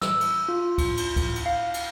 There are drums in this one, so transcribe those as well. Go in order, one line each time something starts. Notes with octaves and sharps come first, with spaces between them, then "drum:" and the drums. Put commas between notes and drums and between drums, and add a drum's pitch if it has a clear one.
E6, drum: snare
drum: cymbal
F4
drum: kick C#2, cymbal
drum: cymbal
drum: kick C#2, cymbal
drum: cymbal
F5
drum: cymbal